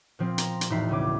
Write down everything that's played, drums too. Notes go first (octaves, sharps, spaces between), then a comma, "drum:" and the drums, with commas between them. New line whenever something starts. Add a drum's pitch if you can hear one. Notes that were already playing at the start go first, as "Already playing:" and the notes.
A#2 F3 C4
A#5, drum: hi-hat
drum: hi-hat
E1 A2 D#4 E5 B5 C7
C#2 C#4 D6